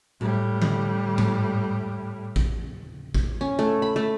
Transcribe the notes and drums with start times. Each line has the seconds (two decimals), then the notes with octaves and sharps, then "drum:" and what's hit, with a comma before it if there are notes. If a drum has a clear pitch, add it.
0.21 A2 G3, drum: tom A2
0.62 drum: tom D3
1.18 drum: tom G#2
2.36 drum: kick A1
3.14 drum: kick A1
3.41 C#4
3.59 A3
3.82 B5
3.96 A3